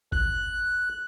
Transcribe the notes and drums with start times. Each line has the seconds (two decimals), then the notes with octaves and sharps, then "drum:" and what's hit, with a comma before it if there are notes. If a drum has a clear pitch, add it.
0.12 F#6, drum: kick G#1